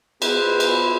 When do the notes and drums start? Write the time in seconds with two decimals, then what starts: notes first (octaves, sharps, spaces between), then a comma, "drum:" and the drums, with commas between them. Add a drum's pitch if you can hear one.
0.22 B3 E4 G#4 B4 C5, drum: cymbal
0.60 drum: cymbal